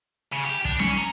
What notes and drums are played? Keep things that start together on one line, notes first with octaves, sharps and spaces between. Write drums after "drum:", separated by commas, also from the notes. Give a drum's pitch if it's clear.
C#3
G4
D4, drum: kick
C#4, drum: snare
A#5